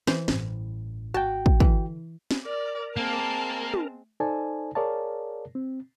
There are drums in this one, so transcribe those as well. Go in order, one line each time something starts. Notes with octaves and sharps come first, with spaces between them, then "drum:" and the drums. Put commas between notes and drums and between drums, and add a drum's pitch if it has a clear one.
E3 C5, drum: snare
A1 G2, drum: snare
G#1 F#4 G5 A5
drum: kick
D3 E3 E4, drum: kick
drum: snare
A#4 D5
G#3 A#3 C4 A5
drum: tom
D#4 A4 C5 D5 G#5 A5
G#4 A#4 C#5 D5 F5 A5
C4